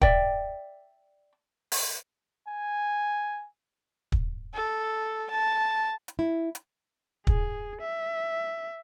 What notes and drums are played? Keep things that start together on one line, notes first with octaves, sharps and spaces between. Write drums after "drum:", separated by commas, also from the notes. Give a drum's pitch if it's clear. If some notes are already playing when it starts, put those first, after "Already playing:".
D5 E5 G5, drum: kick
drum: open hi-hat
G#5
drum: kick
A4
A5
drum: hi-hat
E4
drum: hi-hat
G#4, drum: kick
E5